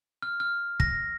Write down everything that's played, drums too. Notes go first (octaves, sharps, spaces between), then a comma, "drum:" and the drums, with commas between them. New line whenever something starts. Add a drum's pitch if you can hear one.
F6
F6
A#6, drum: kick